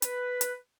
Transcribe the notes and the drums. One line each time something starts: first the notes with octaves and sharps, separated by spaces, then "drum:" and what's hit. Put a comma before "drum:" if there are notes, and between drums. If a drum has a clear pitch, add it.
B4, drum: hi-hat
drum: hi-hat